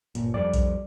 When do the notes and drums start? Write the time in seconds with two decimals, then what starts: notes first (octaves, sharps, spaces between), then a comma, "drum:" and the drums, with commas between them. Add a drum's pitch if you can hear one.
0.15 G1 A#2, drum: hi-hat
0.34 F2 G3 D5
0.54 drum: kick B1, hi-hat